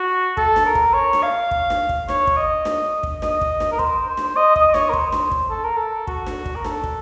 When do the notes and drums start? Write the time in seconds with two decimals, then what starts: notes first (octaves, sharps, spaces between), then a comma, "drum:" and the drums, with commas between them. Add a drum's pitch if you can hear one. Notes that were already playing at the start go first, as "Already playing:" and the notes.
Already playing: F#4
0.37 A4, drum: kick
0.56 drum: snare D4
0.66 A#4
0.75 drum: kick
0.94 C#5
1.13 drum: snare D4
1.23 F5
1.51 drum: kick
1.70 drum: snare D4
1.89 drum: kick
2.09 C#5, drum: snare D4
2.27 drum: kick
2.37 D#5
2.65 drum: snare D4
3.03 drum: kick
3.22 D#5, drum: snare D4
3.41 drum: kick
3.60 drum: snare D4
3.72 A#4
3.79 C5, drum: kick
4.08 C5
4.17 drum: snare D4
4.36 D#5
4.56 D#5, drum: kick
4.74 C#5, drum: snare D4
4.89 A#4
4.93 C5, drum: kick
5.12 drum: snare D4
5.31 drum: kick
5.50 A4
5.64 A#4
5.77 A4
6.07 F#4, drum: kick
6.27 drum: snare D4
6.46 drum: kick
6.55 A#4
6.65 A4, drum: snare D4
6.84 drum: kick